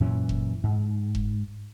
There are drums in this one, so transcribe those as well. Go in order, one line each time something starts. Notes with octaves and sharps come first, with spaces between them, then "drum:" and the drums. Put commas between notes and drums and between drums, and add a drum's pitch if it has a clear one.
F#2 A#2 E3 C#4
drum: kick F1
G#2
drum: kick F1